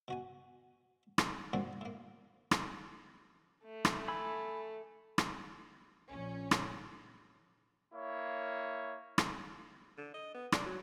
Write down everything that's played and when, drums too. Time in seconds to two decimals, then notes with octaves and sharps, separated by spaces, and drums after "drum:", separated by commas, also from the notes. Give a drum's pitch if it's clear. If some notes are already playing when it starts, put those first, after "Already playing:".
0.08 B2 F#4 G#5
1.18 drum: rim click
1.53 G2 A#2 D3 A#3 C4 F#4
1.81 A2 A#3
2.51 drum: rim click
3.64 A3
3.85 drum: rim click
4.08 G#5 B5 E6
5.18 drum: rim click
6.08 A#1 C#4
6.51 drum: rim click
7.94 A#3 E4 C#5
9.18 drum: rim click
9.97 D3
10.14 D#5
10.34 B3
10.52 D4, drum: rim click
10.66 F#3